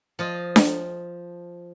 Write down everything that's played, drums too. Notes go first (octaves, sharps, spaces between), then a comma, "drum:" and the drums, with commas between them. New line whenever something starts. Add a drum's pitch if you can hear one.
F3 F4 D#5
drum: snare D4